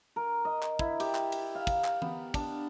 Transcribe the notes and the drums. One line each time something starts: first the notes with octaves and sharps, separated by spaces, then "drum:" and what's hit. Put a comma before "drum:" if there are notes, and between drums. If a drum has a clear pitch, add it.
A#4
D#5
drum: clap
E4, drum: kick
G4, drum: cymbal
drum: clap
drum: cymbal
F5
drum: kick, cymbal
drum: clap
B3, drum: tom E3
D4, drum: kick, cymbal